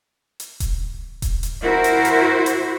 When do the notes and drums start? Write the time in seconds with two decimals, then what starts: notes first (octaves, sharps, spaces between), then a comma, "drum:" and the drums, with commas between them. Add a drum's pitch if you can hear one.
0.40 drum: hi-hat
0.60 drum: kick D#1, hi-hat
1.22 drum: kick D#1, hi-hat
1.43 drum: hi-hat
1.63 E4 F#4 A#4 C5
1.84 drum: hi-hat
2.05 drum: hi-hat
2.46 drum: hi-hat